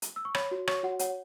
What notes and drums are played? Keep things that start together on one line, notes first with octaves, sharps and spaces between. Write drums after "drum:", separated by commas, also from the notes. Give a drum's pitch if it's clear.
drum: hi-hat
E6
C#6
C#5 B5, drum: rim click
F#4
C#5 C#6, drum: rim click
F#4 F#5
C#5 F#5, drum: hi-hat